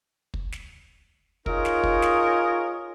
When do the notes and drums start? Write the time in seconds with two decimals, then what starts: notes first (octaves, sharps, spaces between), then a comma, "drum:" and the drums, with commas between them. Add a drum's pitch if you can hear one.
0.34 drum: kick
0.52 drum: snare
1.46 D#4 F4 G#4 A#4 C#5 D#5, drum: kick
1.65 drum: snare
1.84 drum: kick
2.02 drum: snare